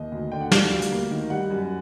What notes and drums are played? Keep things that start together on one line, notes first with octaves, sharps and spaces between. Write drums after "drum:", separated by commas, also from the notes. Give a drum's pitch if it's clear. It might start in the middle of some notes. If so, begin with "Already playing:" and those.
Already playing: D#2 D#5
D2
D3 G5
F#5
G3 F5, drum: snare
D2
drum: hi-hat
A#3
D#3
G3 F#5
F#2